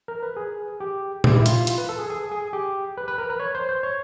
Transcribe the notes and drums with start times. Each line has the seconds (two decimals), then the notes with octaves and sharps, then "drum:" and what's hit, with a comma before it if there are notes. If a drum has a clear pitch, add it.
0.08 A#4
0.23 B4
0.37 G#4
0.80 G4
1.24 G4, drum: tom A#2
1.36 E4
1.46 F4, drum: hi-hat
1.67 F4, drum: hi-hat
1.78 B4
1.89 A4
1.99 G#4
2.10 G#4
2.31 G#4
2.53 G4
2.97 B4
3.08 B4
3.18 A#4
3.30 B4
3.40 C#5
3.55 C5
3.69 C5
3.83 C#5